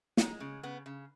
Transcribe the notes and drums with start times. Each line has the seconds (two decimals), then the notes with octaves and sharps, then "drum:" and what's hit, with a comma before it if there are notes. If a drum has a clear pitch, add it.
0.17 G#3 D#4, drum: snare
0.40 C#3
0.63 C#3 B3
0.86 C#3